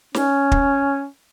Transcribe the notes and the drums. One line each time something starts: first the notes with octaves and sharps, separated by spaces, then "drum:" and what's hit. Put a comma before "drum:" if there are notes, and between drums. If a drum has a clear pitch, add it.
C#4, drum: snare
drum: kick